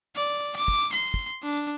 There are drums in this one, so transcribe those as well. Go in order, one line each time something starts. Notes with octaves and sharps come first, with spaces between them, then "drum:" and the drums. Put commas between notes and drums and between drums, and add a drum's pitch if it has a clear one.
D5
D6
drum: kick
C6
drum: kick
D4